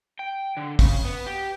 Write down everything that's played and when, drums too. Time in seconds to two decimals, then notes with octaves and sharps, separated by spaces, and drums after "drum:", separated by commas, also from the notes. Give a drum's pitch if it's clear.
0.19 G5
0.57 D3
0.79 C#3, drum: kick, open hi-hat
1.05 B3
1.26 G4